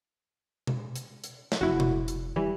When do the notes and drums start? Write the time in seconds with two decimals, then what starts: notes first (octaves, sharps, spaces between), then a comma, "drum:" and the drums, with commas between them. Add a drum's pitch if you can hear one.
0.67 drum: tom B2
0.96 drum: hi-hat
1.24 drum: hi-hat
1.52 drum: snare
1.61 F1 E4 F#4
1.80 drum: tom B2
2.08 drum: hi-hat
2.36 E3 G3